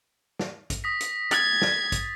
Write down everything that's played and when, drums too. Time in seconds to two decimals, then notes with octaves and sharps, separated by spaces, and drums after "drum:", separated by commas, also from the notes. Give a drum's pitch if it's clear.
0.39 drum: snare
0.70 drum: kick, hi-hat
0.84 D#6 A#6 B6
1.01 drum: hi-hat
1.31 G#6 A6, drum: hi-hat
1.62 drum: snare
1.92 drum: kick, hi-hat